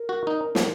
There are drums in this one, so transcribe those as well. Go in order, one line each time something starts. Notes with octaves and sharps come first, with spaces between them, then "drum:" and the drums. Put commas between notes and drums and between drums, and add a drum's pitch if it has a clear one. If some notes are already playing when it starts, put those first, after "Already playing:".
Already playing: A#4
F#4
D#4
F3, drum: snare